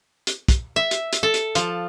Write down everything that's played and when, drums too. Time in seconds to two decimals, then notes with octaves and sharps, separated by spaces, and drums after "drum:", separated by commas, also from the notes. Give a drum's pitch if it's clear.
0.27 drum: hi-hat
0.48 drum: kick, hi-hat
0.76 E5
0.91 drum: hi-hat
1.13 drum: hi-hat
1.23 A4
1.34 drum: hi-hat
1.55 F3, drum: hi-hat